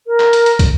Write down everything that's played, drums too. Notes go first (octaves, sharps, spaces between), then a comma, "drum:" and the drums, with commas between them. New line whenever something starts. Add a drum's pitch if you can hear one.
A#4
drum: clap
drum: hi-hat
drum: hi-hat
drum: kick, hi-hat